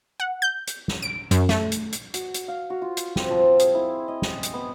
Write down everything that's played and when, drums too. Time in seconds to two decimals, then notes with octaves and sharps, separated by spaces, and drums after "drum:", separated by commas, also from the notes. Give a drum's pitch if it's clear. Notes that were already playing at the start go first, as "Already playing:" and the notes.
0.20 F#5
0.42 G6
0.67 drum: hi-hat
0.88 drum: snare
1.02 D7
1.31 F#2, drum: hi-hat
1.49 A3, drum: snare
1.72 drum: hi-hat
1.92 drum: hi-hat
2.14 F#4, drum: hi-hat
2.34 drum: hi-hat
2.48 F5
2.70 F#4
2.82 F4
2.97 drum: hi-hat
3.16 C4, drum: snare
3.30 F3
3.59 G#4, drum: hi-hat
3.75 E4
4.08 D#5
4.22 drum: snare
4.43 drum: hi-hat
4.53 B3